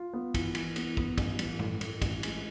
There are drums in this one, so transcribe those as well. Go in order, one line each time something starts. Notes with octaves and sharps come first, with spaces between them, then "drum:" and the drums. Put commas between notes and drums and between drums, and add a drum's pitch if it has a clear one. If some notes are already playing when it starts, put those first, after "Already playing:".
Already playing: F4
B3
E3, drum: kick, cymbal
E3, drum: cymbal
B3, drum: cymbal
B3, drum: kick
A1, drum: kick, cymbal
A1, drum: cymbal
A2, drum: tom G2
A2, drum: cymbal
A1, drum: kick, cymbal
G#3, drum: cymbal